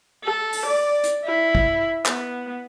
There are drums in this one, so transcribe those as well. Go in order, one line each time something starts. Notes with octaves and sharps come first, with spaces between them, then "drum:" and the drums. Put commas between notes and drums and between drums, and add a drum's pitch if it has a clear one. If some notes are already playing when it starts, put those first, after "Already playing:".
A4
drum: open hi-hat
D5
drum: hi-hat
E4
drum: kick
B3, drum: clap